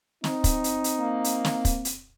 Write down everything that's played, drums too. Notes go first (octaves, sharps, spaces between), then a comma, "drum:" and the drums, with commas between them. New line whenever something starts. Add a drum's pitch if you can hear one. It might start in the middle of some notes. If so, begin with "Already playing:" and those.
C4 D#4, drum: snare
drum: kick, hi-hat
drum: hi-hat
drum: hi-hat
A#3
drum: hi-hat
drum: snare
drum: kick, hi-hat
drum: hi-hat